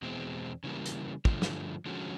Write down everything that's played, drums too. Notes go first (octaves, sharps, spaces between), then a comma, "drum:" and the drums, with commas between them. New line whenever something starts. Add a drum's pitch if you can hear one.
E2 B2 G#3 C4
C#3 E3 G3 A#3
drum: hi-hat
G2 D3 F3 A3, drum: kick
drum: snare
D3 F3 G#3 C#4 F#4